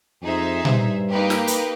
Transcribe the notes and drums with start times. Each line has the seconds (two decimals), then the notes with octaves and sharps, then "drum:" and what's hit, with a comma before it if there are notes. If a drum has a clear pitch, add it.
0.21 F2 D#4 G#4 C5 E5
0.65 G2, drum: tom A#2
1.09 A#3 D#4 G4 B4
1.30 drum: snare
1.47 drum: hi-hat